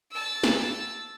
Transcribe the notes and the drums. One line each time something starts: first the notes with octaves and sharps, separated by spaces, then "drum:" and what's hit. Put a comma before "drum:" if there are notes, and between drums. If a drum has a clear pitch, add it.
A5 E6
drum: snare